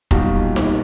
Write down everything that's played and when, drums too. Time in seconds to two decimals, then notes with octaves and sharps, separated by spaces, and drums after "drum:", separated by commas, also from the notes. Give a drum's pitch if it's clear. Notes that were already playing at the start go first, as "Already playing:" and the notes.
0.11 B1 A#2 G3 D#4 F#4 F5, drum: kick F1
0.56 drum: snare D#4